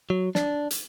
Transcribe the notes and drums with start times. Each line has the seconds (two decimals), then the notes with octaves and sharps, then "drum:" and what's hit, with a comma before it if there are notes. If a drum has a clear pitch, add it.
0.10 F#3
0.35 D4, drum: snare
0.71 drum: hi-hat